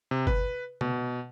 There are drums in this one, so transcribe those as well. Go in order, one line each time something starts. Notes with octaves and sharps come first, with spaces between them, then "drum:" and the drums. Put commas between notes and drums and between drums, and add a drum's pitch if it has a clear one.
C3
B4, drum: kick G1
B2, drum: tom C3